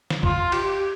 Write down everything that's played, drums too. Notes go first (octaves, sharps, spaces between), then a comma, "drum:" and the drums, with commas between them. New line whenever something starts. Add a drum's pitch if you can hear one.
drum: snare
F4, drum: kick
G4, drum: cymbal